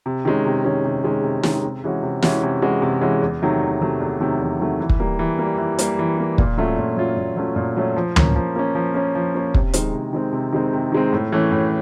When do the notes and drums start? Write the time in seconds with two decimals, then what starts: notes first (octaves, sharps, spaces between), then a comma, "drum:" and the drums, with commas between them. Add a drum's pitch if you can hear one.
0.06 C3
0.25 D#3 G#3 C#4
0.45 C3
0.64 D#3 G#3 C#4
0.85 C3
1.04 D#3 G#3 C#4
1.24 C3
1.43 D#3 G#3 C#4, drum: snare
1.64 C3
1.84 E3 G#3 C#4 F#4
2.03 C3
2.22 E3 G#3 C#4 F#4, drum: snare
2.43 C3
2.62 E3 G#3 C#4 F#4
2.82 C3
3.01 E3 G#3 C#4 F#4
3.22 E2
3.42 C3 D#3 F#3 A3
3.62 E2
3.81 C3 D#3 F#3 A3
4.00 E2
4.21 C3 D#3 F#3 A3
4.41 E2
4.60 C3 D#3 F#3 A3
4.80 E3
4.89 drum: kick
5.00 G3 A#3
5.19 E3
5.39 G3 A#3
5.58 E3
5.79 G3 A#3, drum: hi-hat
5.99 E3
6.18 G3 A#3
6.38 A#2, drum: kick
6.57 F#3 A3 C#4 F4
6.77 A#2
6.97 F#3 A3 C#4 F4
7.17 A#2
7.36 F#3 A3 C#4 F4
7.56 A#2
7.77 F#3 A3 C#4 F4
7.96 F3
8.16 A#3 C#4, drum: tom
8.36 F3
8.56 A#3 C#4
8.75 F3
8.94 A#3 C#4
9.15 F3
9.34 A#3 C#4
9.54 C3, drum: kick
9.74 D#3 G#3 C4, drum: hi-hat
9.94 C3
10.13 D#3 G#3 C4
10.33 C3
10.53 D#3 G#3 C4
10.73 C3
10.92 D#3 G#3 C4
11.13 A2
11.32 E3 A3 C#4
11.51 A2